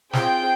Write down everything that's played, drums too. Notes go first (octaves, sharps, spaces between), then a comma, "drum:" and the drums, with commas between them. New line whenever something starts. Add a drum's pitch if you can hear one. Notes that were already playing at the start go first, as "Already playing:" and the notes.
C4 F4 G#4 G5, drum: snare